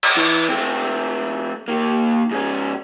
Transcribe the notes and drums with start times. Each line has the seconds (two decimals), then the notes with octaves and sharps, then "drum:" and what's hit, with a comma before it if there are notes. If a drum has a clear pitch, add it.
0.03 drum: cymbal
0.17 E3
0.49 A3 C4
1.68 D#3 A#3
2.31 G#2 C#4